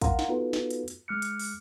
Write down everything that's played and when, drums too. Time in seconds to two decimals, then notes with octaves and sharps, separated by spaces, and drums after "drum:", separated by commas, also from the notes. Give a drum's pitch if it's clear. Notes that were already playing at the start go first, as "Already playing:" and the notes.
0.02 A#4 F5 F#5 A#5 C6, drum: kick A#1, hi-hat
0.19 drum: snare
0.28 B3 D#4 F4 F#4 A4 B4
0.53 drum: snare
0.71 drum: hi-hat
0.88 drum: hi-hat
1.08 G#3 D6 F6 F#6 C#7
1.22 drum: hi-hat
1.40 drum: open hi-hat